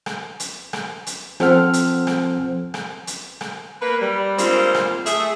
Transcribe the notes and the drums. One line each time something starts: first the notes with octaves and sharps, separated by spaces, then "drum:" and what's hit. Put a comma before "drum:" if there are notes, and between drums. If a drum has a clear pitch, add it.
drum: rim click
drum: hi-hat
drum: rim click
drum: hi-hat
F3 C4 A4 C5 F#5 F6, drum: rim click
drum: hi-hat
drum: rim click
drum: rim click
drum: hi-hat
drum: rim click
A#3 B4
G3
G3 G#3 A#3 C4 D4 F4, drum: hi-hat
drum: rim click
A3 G#4 E5, drum: hi-hat